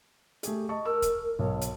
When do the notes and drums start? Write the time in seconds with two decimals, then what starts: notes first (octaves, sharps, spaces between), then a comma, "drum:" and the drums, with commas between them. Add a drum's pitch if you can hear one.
0.43 A3 G4 G#4, drum: hi-hat
0.69 D#5 A5 C#6
0.85 A#4 E6
1.02 drum: kick, hi-hat
1.39 B1 C#5
1.61 drum: hi-hat